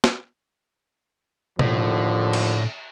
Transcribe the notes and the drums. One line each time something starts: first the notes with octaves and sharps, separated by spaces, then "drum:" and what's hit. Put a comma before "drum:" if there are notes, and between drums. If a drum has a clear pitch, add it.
drum: snare
D#2 A2 D3 F3, drum: tom B2
drum: cymbal